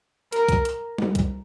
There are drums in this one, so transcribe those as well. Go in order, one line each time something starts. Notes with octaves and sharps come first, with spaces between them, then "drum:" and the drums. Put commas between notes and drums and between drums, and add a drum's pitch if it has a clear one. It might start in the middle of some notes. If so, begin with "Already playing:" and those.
A#4, drum: hi-hat
drum: kick, hi-hat
drum: hi-hat
drum: tom G3
drum: kick, hi-hat